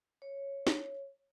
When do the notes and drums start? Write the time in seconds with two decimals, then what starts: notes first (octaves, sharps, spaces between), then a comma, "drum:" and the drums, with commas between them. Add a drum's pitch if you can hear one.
0.22 C#5
0.67 drum: snare